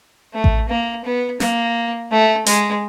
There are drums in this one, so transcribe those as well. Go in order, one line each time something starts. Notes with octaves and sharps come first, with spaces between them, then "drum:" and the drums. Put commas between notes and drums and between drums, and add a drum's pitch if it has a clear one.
A3
drum: kick A1
A#3
B3
A#3, drum: snare
A3
G#3, drum: hi-hat